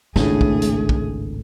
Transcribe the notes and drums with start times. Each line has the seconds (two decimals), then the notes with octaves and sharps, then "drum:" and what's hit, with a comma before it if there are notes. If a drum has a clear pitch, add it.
0.16 G#1 C#2 A2 A3 D4 G#4, drum: snare
0.41 drum: kick
0.62 drum: hi-hat
0.89 drum: kick